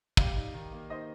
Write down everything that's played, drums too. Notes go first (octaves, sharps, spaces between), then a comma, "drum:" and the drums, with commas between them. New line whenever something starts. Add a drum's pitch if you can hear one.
G4 D5 F5, drum: kick
D#4
D#3
A#3
D#4 C5 D#5